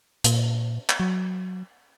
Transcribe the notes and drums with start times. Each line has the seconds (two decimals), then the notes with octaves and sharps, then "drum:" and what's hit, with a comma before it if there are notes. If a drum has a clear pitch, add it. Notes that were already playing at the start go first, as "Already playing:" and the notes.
0.24 A#2, drum: hi-hat
0.89 drum: clap
1.00 F#3